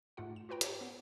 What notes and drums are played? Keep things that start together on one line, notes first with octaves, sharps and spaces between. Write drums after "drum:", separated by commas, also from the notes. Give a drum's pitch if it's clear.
G#2 A3 F4 F#5
E7
F4 F#4 B4 G5 A#5
G4 C5 C#5, drum: hi-hat
B3